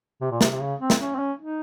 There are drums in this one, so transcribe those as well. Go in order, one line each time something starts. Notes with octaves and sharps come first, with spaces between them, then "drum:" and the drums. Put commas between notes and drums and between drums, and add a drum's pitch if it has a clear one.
C3
A#2
C3, drum: snare
C3
C#3
C4
drum: snare
C#4
C4
C#4
D#4